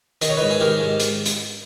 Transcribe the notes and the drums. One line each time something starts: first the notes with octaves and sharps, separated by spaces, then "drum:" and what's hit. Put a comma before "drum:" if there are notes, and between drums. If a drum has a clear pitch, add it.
D#3 D#5, drum: hi-hat
C#5
G#2 B4 D#5
G#4
D#3 G4 A#4
G#2
drum: hi-hat
drum: hi-hat